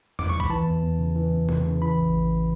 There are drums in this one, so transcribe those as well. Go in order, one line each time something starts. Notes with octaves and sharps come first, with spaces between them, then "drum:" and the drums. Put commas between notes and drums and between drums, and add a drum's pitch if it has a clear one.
D6, drum: tom E2
C#6
B5, drum: kick B1
E3 A5
E2
E2
C#3
E3
E2
E2, drum: tom C3
C#3
E3 B5
A1
A1